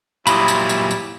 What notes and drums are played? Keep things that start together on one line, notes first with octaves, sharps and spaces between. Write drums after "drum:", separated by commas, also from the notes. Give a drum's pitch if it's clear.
A#2 F#3 G3 E4 B5 C6 D#6, drum: tambourine
drum: tambourine
drum: tambourine
drum: tambourine